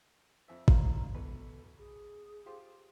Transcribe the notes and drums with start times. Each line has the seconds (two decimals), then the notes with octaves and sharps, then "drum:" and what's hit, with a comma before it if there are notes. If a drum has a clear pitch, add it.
0.48 F2 C5 E5
0.68 C5 F5 A#5, drum: kick G#1
1.14 E2 B2 A4 B4
1.79 G#4
2.46 F4 G4 C5